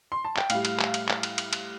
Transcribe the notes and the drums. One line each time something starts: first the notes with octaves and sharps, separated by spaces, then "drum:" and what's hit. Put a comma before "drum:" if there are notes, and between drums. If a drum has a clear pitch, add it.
C6
A5
G5, drum: clap
A2 G3 F5, drum: cymbal
drum: cymbal
drum: clap
drum: cymbal
drum: clap
drum: cymbal
drum: cymbal
drum: cymbal